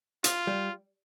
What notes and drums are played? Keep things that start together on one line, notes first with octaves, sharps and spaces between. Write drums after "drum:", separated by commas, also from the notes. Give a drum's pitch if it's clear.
F4, drum: hi-hat
G3